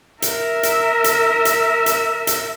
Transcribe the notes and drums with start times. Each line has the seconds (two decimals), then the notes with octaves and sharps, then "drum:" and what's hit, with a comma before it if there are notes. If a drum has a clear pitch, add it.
0.22 A#4 E5, drum: hi-hat
0.63 drum: hi-hat
1.04 drum: hi-hat
1.45 drum: hi-hat
1.86 drum: hi-hat
2.27 drum: hi-hat